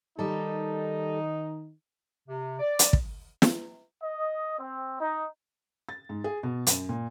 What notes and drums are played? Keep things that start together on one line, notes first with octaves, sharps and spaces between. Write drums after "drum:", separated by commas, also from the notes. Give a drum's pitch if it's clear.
D#3 G3 D#4 A4
C3
D5
drum: hi-hat
drum: kick
drum: snare
D#5
C4
D#4
A6
G#2
G#4
B2
F#2, drum: hi-hat
A#2